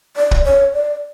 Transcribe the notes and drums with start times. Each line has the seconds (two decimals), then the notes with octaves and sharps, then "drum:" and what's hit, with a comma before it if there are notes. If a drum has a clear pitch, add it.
0.17 D5
0.31 drum: kick
0.45 C#5
0.73 D5